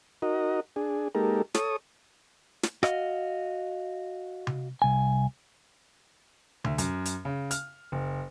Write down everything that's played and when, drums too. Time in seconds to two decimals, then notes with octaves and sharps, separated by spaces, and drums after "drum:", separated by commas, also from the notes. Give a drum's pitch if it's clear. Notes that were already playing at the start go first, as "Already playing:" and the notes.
0.22 D#4 F#4 A#4 D#5
0.76 D4 G#4
1.15 G#3 A#3 D#4 G4 A4 A#4
1.54 A4 C#5 D#6, drum: snare
2.63 drum: snare
2.83 F#4 D#5 F5, drum: rim click
4.47 drum: tom C3
4.82 C2 G#5
6.64 D2, drum: tom C3
6.78 F#2, drum: hi-hat
7.05 drum: hi-hat
7.25 C#3
7.51 F6, drum: hi-hat
7.92 F#1